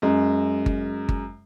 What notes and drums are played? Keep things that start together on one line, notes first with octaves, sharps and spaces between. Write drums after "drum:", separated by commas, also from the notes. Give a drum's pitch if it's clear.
F#2 G#3
drum: kick G1
drum: kick G1